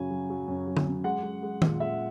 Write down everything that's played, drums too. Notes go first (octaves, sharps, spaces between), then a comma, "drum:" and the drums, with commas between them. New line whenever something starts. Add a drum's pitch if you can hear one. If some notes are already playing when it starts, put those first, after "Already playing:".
Already playing: F#2 C#3 F#3 G#5
F#3
F#3
F#2
F#3
drum: tom D3
F#2
G#3 F#5
G#3
G#3
A#2, drum: tom D#3
G#3 E5